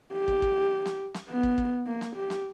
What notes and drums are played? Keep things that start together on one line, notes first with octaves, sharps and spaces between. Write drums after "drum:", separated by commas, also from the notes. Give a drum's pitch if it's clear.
G4
drum: kick
drum: kick
drum: snare
drum: snare
B3
drum: kick
drum: kick
A#3
drum: snare
G4
drum: snare